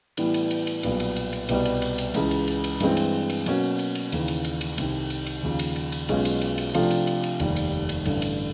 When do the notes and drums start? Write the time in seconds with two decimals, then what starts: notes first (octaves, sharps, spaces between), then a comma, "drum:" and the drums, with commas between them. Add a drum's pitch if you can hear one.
0.17 A2 E3 G3 B3 E4, drum: cymbal
0.34 drum: cymbal
0.51 drum: cymbal
0.67 drum: cymbal
0.83 B1 A#2 G3 B3, drum: cymbal
1.00 drum: cymbal
1.16 drum: cymbal
1.33 drum: cymbal
1.49 C2 B2 G3 B3, drum: cymbal
1.66 drum: cymbal
1.82 drum: cymbal
1.98 drum: cymbal
2.14 C#2 C#3 E3 G#3, drum: cymbal
2.31 drum: cymbal
2.48 drum: cymbal
2.64 drum: cymbal
2.80 G2 E3 G#3 C4, drum: cymbal
2.97 drum: cymbal
3.30 drum: cymbal
3.46 B2 F#3 A#3 C#4 F#4, drum: cymbal
3.79 drum: cymbal
3.95 drum: cymbal
4.12 D#2 C#3 E3, drum: cymbal
4.28 drum: cymbal
4.45 drum: cymbal
4.61 drum: cymbal
4.78 C2 C3 D#3, drum: cymbal
5.10 drum: cymbal
5.27 drum: cymbal
5.43 D#2 C#3 F3
5.59 drum: cymbal
5.76 drum: cymbal
5.92 drum: cymbal
6.09 B1 B2 G#3 C#4 F4, drum: cymbal
6.25 drum: cymbal
6.41 drum: cymbal
6.58 drum: cymbal
6.74 C3 F3 A3 D4 F4, drum: cymbal
6.91 drum: cymbal
7.07 drum: cymbal
7.24 drum: cymbal
7.40 F1 D#2 D#3 G3, drum: cymbal
7.56 drum: cymbal
7.89 drum: cymbal
8.05 A1 G2 D3, drum: cymbal
8.22 drum: cymbal